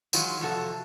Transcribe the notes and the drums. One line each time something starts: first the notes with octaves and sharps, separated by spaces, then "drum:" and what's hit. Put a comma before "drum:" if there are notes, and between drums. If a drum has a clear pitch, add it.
D#3 E3 F#3 G#3 F4, drum: tambourine
F2 C3 F#4 A4 F5